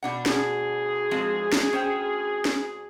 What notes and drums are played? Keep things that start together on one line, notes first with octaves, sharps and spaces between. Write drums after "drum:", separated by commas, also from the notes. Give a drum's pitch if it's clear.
B2 D4 F#5
D2 G#4, drum: snare
F3 G#3 C4
drum: snare
C#4 C5 G5
drum: snare